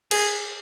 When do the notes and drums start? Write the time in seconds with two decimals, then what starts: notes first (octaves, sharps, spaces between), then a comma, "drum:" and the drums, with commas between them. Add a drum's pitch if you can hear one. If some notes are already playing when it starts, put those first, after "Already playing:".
0.11 G#4, drum: cymbal